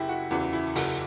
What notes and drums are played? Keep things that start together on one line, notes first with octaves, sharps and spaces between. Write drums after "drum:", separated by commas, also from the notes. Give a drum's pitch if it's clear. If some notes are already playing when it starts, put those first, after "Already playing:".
Already playing: F#1 E4 G4
F#4
E2 C#3 E3 F#4
E4
F#1 F#4, drum: open hi-hat